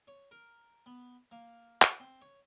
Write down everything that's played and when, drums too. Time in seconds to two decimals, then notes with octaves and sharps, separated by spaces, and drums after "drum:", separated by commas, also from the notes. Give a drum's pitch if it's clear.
0.07 C#5
0.31 A#4
0.86 B3
1.31 A#3
1.82 drum: clap
2.00 C4
2.21 C#5